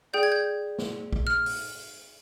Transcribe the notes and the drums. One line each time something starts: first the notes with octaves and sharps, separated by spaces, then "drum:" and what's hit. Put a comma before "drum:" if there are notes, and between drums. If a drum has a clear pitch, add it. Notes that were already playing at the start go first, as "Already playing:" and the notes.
G#4 D5 G5 G6
G#6
G6
drum: snare
drum: kick A#1
F6
drum: open hi-hat